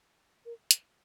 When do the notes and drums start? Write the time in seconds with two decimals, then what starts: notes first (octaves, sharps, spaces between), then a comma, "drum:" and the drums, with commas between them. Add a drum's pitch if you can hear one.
0.46 A#4
0.71 drum: hi-hat